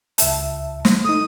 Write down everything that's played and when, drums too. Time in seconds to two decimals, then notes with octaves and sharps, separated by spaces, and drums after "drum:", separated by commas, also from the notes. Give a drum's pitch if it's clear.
0.18 C#2 E5 A5, drum: hi-hat
0.85 drum: snare
1.05 A3 D#4 D#6